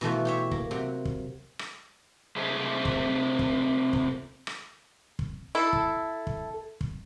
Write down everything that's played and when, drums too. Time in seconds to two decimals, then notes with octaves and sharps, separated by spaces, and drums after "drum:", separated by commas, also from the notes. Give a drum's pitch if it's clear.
0.01 B2 E3 A3 F4
0.25 G4 C#5 E5
0.51 A#3, drum: kick
0.71 C3 F#3
1.05 drum: kick
1.59 drum: rim click
2.36 C3 A3 C4 G#4 B4 C5
2.85 drum: kick
3.39 drum: kick
3.93 drum: kick
4.47 drum: rim click
5.19 drum: kick
5.55 E4 A4
5.73 drum: kick
6.27 drum: kick
6.81 drum: kick